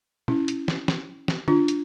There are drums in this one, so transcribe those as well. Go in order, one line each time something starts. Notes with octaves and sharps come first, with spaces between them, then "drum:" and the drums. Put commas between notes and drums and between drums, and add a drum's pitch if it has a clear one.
C#4 E4, drum: tom
drum: hi-hat
drum: snare
drum: snare
drum: snare
D4 F4, drum: tom
drum: hi-hat